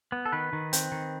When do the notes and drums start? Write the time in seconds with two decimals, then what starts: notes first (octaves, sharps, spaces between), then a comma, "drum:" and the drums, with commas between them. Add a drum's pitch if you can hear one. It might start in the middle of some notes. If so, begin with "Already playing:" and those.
0.12 B3
0.26 A4
0.32 D#3 B4
0.53 D#3
0.73 C4, drum: hi-hat
0.92 D#3